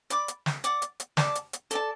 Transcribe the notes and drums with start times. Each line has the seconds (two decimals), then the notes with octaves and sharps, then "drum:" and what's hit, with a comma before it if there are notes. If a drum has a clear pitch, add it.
0.10 D5 B5 D6, drum: hi-hat
0.28 drum: hi-hat
0.46 drum: snare
0.64 D5 F#5 D6, drum: hi-hat
0.82 drum: hi-hat
1.00 drum: hi-hat
1.17 D5 A5 D6, drum: snare
1.35 drum: hi-hat
1.53 drum: hi-hat
1.71 A4 D5 A5, drum: hi-hat